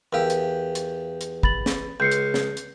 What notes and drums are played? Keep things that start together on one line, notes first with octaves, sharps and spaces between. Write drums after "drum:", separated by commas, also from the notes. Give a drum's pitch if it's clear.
E2 G4 A#4 F5
drum: hi-hat
drum: hi-hat
drum: hi-hat
B5 A6 F#7, drum: kick
drum: snare
C#2 G6 C7 C#7
drum: hi-hat
drum: snare
drum: hi-hat